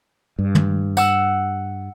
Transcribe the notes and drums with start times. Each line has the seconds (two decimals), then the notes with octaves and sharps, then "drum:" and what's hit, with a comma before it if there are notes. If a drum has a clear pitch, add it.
0.39 G2
0.55 drum: tom
0.97 F#5 E6, drum: tambourine